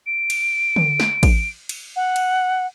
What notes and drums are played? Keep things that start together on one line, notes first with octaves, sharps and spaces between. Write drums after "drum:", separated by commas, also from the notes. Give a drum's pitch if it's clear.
D7
drum: cymbal
drum: tom D3
drum: snare
drum: kick A1, cymbal
drum: cymbal
F#5
drum: cymbal